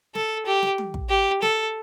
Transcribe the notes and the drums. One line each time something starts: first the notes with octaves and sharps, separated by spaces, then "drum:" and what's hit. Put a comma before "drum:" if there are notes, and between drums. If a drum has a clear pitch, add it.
A4, drum: snare
G4
drum: snare
drum: tom
drum: kick
G4
A4, drum: snare